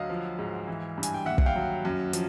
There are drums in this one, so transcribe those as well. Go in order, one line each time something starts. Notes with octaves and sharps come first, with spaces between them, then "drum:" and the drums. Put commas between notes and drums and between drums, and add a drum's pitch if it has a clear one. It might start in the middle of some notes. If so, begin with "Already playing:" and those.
Already playing: D2 F#3 D#5 F5
F3
G#2
E3
G2
G#5, drum: hi-hat
G5
D#2 E5 F#5
F#5, drum: kick
F5 G5
F#3
F#2
F3, drum: hi-hat